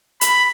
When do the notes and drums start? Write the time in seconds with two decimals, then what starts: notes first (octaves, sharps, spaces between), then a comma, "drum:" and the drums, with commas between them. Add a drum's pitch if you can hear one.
0.21 B5, drum: hi-hat